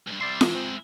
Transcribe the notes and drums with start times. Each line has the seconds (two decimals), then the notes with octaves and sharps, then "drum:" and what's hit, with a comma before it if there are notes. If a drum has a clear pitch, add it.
0.07 C#2 G2
0.21 C2 G3 D5 E5 C6
0.41 E3 G#3 E4, drum: snare F4
0.55 C4 C5